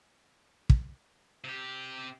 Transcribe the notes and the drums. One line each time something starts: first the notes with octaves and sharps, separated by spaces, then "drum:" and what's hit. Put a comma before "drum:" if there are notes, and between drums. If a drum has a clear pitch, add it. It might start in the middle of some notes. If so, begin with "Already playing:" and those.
drum: kick
C3 G4